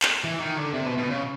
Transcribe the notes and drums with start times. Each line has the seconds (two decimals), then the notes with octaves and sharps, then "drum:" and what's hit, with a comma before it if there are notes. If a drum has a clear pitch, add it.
0.02 drum: clap
0.24 E3
0.40 D#3
0.56 D3
0.74 C3
0.86 B2
0.98 B2
1.10 C#3